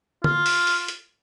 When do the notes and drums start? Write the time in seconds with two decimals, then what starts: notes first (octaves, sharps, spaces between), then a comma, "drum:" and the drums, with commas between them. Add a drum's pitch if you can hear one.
0.24 F4, drum: tom D3
0.46 drum: open hi-hat
0.67 drum: open hi-hat
0.88 drum: hi-hat